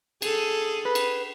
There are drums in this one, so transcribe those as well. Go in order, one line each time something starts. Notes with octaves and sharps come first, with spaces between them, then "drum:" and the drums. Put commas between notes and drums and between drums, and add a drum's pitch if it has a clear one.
G#4 A4, drum: cymbal
B4
drum: cymbal